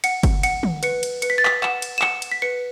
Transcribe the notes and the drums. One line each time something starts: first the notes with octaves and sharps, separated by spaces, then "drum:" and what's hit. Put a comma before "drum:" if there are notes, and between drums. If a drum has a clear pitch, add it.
F#5 C#7, drum: cymbal
drum: kick G1, cymbal
F#5 C#7, drum: cymbal
drum: tom
B4 C#7, drum: cymbal
drum: cymbal
B4 C#7, drum: cymbal
B6
A6
B6, drum: clap
F#5 E7, drum: clap
drum: cymbal
E7
F#5 C#7, drum: clap
drum: cymbal
B6
B4 C#7